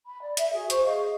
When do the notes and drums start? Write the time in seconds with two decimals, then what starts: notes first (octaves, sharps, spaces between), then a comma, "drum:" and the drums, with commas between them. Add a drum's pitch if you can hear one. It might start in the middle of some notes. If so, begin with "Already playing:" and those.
0.07 B5
0.22 D5
0.37 E5, drum: hi-hat
0.54 F#4 G#4
0.70 C5 C#6, drum: hi-hat
0.84 G#4 D#5 F5